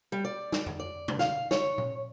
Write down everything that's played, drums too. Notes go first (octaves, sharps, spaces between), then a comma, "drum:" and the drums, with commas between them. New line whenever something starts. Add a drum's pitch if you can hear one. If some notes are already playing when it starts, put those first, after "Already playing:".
G3
D5
drum: snare
drum: tom F2
D5
drum: tom
F5, drum: snare
C#5, drum: snare
drum: tom A#2